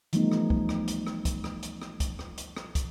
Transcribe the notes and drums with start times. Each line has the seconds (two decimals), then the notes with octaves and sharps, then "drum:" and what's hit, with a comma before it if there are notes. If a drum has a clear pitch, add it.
0.13 E3 F3 G3 A3 B3 D#4, drum: hi-hat
0.32 drum: rim click
0.50 drum: kick
0.69 drum: rim click
0.88 drum: hi-hat
1.07 drum: rim click
1.25 drum: kick, hi-hat
1.44 drum: rim click
1.63 drum: hi-hat
1.82 drum: rim click
2.00 drum: kick, hi-hat
2.19 drum: rim click
2.38 drum: hi-hat
2.57 drum: rim click
2.75 drum: kick, hi-hat